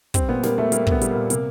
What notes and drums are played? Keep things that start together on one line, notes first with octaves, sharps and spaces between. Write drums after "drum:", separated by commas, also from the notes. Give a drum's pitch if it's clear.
G3 C4, drum: kick, hi-hat
A#2 B3
G3 A#3, drum: snare
A#2 A3
G3 A#3, drum: hi-hat
A#2 B3, drum: kick
G3, drum: hi-hat
A#3
A#2
C3 A#3, drum: hi-hat